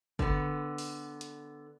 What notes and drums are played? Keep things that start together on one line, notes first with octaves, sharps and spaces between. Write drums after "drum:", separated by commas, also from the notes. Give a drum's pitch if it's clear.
D3 B3, drum: kick
drum: open hi-hat
drum: hi-hat